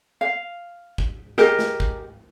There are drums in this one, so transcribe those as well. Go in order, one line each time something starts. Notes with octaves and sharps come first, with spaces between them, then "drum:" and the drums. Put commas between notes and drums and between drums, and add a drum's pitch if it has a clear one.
F5
drum: kick
G4 G#4 A#4 D#5, drum: snare
drum: snare
drum: kick